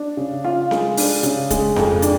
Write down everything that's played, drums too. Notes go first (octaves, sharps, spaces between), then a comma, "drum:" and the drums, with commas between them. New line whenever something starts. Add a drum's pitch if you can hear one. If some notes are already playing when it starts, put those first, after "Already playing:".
Already playing: D4
C#3
F4
G#3, drum: snare C4
D4, drum: open hi-hat
C#3, drum: hi-hat
G#3, drum: kick, hi-hat
F2, drum: snare C4
D4, drum: hi-hat